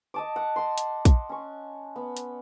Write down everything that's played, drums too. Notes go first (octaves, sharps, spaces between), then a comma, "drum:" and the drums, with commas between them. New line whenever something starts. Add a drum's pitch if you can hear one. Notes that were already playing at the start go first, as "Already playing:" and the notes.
D#5 A5 D6
F#5
F#5 C6
drum: hi-hat
drum: kick, hi-hat
C#4 C#6
B3
drum: hi-hat